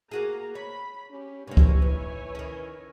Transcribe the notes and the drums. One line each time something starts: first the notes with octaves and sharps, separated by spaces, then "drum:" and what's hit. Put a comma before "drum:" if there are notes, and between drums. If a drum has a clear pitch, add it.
A#3 F#4 G#4 A#5
C#5 B5
C#4 G4
G2 C3 A#3 E4 C#5 G#5
drum: kick C#2
D#2 B4
D#3 C#4